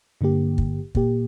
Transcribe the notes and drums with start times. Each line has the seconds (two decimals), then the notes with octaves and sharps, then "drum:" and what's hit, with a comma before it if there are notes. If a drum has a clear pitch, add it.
0.21 G2 D3 A#3 G4
0.58 drum: kick
0.95 A#2 A#3 G4, drum: kick